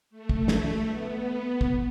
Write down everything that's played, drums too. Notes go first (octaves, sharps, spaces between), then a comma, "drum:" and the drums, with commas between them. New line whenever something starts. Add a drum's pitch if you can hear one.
A3
drum: kick
drum: snare
B3
drum: kick